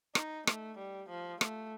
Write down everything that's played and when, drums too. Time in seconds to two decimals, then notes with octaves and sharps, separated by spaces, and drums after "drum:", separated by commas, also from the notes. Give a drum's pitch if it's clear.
0.15 D#4, drum: rim click
0.47 A3, drum: rim click
0.78 G3
1.09 F3
1.41 A3, drum: rim click